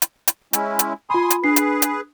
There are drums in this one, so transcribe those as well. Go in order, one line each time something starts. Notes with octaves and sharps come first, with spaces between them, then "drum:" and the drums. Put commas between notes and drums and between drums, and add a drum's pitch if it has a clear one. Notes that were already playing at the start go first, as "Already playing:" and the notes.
drum: hi-hat
drum: hi-hat
G#3 C#4 E4, drum: hi-hat
drum: hi-hat
F4 G#5 B5 C6 D#6
drum: hi-hat
D4 G#4 B4 C7
drum: hi-hat
drum: hi-hat